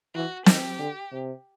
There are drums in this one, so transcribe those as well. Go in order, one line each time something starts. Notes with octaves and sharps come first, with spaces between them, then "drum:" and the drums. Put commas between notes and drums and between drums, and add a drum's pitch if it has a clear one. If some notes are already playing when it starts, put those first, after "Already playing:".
E3 F#4
D#3 G4, drum: snare
D3
C3